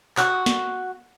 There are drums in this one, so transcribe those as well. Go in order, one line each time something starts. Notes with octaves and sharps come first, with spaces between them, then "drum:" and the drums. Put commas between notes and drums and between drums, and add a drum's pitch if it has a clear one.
F#4, drum: clap
drum: snare